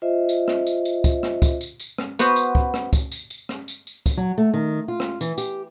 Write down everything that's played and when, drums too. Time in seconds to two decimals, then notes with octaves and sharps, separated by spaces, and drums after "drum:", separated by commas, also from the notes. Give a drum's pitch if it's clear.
0.02 F4 C5 D#5 E5
0.29 drum: tambourine
0.48 drum: rim click
0.67 drum: tambourine
0.85 drum: tambourine
1.04 drum: kick, tambourine
1.23 drum: rim click
1.42 drum: kick, tambourine
1.61 drum: tambourine
1.80 drum: tambourine
1.98 drum: rim click
2.19 B3 F#4 B4 C5, drum: tambourine
2.36 drum: tambourine
2.55 drum: kick
2.74 drum: rim click
2.93 drum: kick, tambourine
3.12 drum: tambourine
3.30 drum: tambourine
3.49 drum: rim click
3.68 drum: tambourine
3.87 drum: tambourine
4.06 drum: kick, tambourine
4.17 F#3
4.38 A3
4.54 D#3
4.88 F4
5.00 drum: rim click
5.21 E3, drum: tambourine
5.38 G4, drum: tambourine